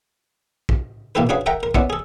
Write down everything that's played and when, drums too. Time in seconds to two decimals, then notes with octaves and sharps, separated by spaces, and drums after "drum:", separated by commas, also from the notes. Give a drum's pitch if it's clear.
0.69 drum: kick
1.15 B2 A#3 E4 G4 A4 B4
1.29 C#4 D4 F#4 G#4 B4 F5
1.46 A4 A#4 E5 F#5 G5 A#5
1.63 A#4
1.74 B3 C#4 E4 D5 F#5, drum: kick
1.90 G#4 A4